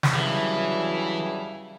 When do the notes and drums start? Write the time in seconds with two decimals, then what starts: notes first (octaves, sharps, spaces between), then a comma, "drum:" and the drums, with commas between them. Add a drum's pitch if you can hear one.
0.03 drum: snare
0.14 G2 C#3 E3 F#3 G3 E4